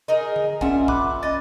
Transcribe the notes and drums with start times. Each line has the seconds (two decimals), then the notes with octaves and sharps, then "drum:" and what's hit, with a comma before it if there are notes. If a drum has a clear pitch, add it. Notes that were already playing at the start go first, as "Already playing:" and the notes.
0.08 D#4 G#4 A#4
0.36 drum: tom D3
0.61 A#2 C#4 E5 F#5 G#5, drum: kick
0.88 B5 D6 F#6, drum: kick
1.23 D#5 A6